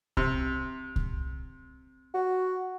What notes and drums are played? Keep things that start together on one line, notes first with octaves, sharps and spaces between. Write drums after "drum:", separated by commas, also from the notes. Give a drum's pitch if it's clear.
C3, drum: kick C2
drum: kick C2
F#4